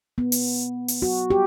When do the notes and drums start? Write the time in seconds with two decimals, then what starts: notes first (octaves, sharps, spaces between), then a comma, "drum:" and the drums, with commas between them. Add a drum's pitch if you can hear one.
0.18 B3
0.32 drum: open hi-hat
0.88 drum: open hi-hat
1.02 F#4
1.30 G4